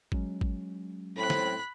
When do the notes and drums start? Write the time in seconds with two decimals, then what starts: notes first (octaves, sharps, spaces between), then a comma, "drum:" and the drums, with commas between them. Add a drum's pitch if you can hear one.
0.12 F#3 G#3 C#4, drum: kick
0.41 drum: kick
1.16 A2 C4 B5 F#6
1.30 drum: snare